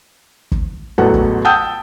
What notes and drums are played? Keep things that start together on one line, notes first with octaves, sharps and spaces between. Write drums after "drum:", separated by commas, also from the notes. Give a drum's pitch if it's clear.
drum: kick
A1 E2 F#3 B3 A4 F#5
drum: kick
F#5 G5 A5 D#6 E6 G6